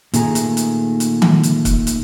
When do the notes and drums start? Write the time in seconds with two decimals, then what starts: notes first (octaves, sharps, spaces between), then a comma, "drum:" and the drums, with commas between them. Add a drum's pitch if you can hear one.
0.14 A#2 D#3 A3 G#4 G#5 A#5, drum: hi-hat
0.35 drum: hi-hat
0.57 drum: hi-hat
1.00 drum: hi-hat
1.22 drum: tom D#3
1.43 drum: hi-hat
1.65 drum: kick, hi-hat
1.87 drum: hi-hat